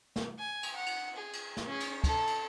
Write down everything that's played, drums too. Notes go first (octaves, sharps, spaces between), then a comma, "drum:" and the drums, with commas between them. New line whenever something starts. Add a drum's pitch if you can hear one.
drum: snare
G#5
drum: cymbal
F#5
drum: cymbal
G#4
drum: cymbal
drum: snare
C#4 G#4
drum: cymbal
A4 A5, drum: kick, cymbal
drum: cymbal